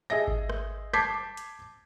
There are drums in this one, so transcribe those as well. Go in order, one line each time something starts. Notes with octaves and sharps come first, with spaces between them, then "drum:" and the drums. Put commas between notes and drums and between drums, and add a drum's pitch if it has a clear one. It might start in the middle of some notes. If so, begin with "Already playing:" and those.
G#4 D#5 E5 A#6
drum: kick G#1
drum: rim click
A5 D6 G6 G#6 B6 C7, drum: rim click
drum: hi-hat